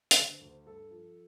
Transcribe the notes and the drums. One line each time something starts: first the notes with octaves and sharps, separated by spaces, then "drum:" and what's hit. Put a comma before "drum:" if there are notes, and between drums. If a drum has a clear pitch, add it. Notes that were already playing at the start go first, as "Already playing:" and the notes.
C5, drum: hi-hat
D3
C5
D2
C5
G2 A4
F3